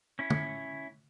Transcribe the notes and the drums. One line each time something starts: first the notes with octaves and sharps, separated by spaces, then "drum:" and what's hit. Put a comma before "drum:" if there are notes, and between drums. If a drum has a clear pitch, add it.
C#4 E4 C#5
drum: tom